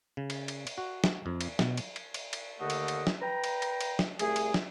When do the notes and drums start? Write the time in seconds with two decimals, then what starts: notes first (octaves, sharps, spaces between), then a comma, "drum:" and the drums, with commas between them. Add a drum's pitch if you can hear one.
0.17 C#3
0.30 drum: cymbal
0.48 drum: cymbal
0.67 drum: cymbal
0.78 F#4
1.04 drum: snare
1.26 F2
1.41 drum: cymbal
1.59 B2, drum: snare
1.77 drum: cymbal
1.96 drum: cymbal
2.14 drum: cymbal
2.33 drum: cymbal
2.60 D#2 D3 A3 D#5 F#5
2.70 drum: cymbal
2.88 drum: cymbal
3.07 drum: snare
3.21 B4 G5 A#5
3.44 drum: cymbal
3.62 drum: cymbal
3.81 drum: cymbal
3.99 drum: snare
4.19 C2 A3 G#4, drum: cymbal
4.36 drum: cymbal
4.54 drum: snare